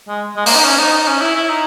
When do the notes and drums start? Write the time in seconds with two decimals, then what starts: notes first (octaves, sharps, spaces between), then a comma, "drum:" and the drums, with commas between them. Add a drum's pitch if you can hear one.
0.08 G#3
0.36 G#3
0.46 A#3, drum: open hi-hat
0.55 D#4
0.65 C#4
0.79 D#4
0.93 D#4
1.07 C#4
1.21 E4
1.36 E4
1.49 D#4